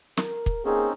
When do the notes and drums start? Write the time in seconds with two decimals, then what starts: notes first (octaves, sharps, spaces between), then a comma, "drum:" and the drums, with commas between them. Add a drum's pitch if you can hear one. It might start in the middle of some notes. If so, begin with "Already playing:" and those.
0.17 A#4, drum: snare
0.46 drum: kick
0.65 A#3 C4 C#4 D#4 G#4